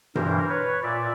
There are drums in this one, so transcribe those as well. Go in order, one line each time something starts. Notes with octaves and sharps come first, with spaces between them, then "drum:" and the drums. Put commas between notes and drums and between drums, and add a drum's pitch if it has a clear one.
G2 E3 A#4 C5, drum: tom B2
B4 C#5
A#2 D5 E5